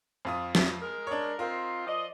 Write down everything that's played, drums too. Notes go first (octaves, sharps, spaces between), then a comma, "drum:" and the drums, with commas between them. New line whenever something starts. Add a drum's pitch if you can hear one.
F2 F4 D#6
drum: snare
G#3 A#4
D4 C#5
C4 D#4 F4 A#4
F3 D5 D#5